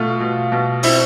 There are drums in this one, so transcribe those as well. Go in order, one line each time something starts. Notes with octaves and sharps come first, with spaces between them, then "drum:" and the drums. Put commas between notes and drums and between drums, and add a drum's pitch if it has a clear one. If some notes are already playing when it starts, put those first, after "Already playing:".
Already playing: B2 A3 F4
B2
B2
C4 E4, drum: open hi-hat